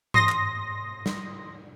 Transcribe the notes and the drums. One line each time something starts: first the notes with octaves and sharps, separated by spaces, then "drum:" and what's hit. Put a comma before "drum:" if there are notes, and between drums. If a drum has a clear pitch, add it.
C6 D#6 A#6, drum: tom G2
drum: clap
drum: snare